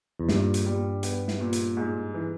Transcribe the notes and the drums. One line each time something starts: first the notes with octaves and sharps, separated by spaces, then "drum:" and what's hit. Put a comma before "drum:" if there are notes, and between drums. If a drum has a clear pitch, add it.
E2
G2 A#2, drum: snare
drum: hi-hat
G3
B3, drum: hi-hat
drum: snare
A#2
drum: hi-hat
G#2
E3